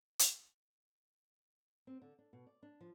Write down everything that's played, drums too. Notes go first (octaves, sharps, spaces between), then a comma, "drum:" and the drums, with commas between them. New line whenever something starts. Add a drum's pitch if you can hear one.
drum: hi-hat
C4
D3
D4
B2
D5
D4
F3